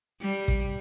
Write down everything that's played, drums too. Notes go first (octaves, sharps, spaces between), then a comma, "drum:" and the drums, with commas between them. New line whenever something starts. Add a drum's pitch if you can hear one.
G3
drum: kick